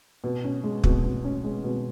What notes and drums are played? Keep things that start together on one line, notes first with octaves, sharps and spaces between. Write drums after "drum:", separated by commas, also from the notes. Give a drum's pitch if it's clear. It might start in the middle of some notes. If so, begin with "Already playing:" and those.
B2
C#4
G#3
B2, drum: kick
B2
C#4
G#3
B2